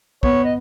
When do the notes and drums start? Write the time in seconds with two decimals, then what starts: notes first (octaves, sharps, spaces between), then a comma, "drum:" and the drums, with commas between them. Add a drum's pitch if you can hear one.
0.23 B3 C#5, drum: kick
0.44 D#5